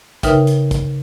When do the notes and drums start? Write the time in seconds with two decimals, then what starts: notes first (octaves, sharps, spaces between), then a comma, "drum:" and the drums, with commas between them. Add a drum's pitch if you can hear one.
0.23 C#3 D#4 A#4 B4 E5 G5, drum: kick A1, hi-hat
0.47 drum: hi-hat
0.71 drum: kick A1, hi-hat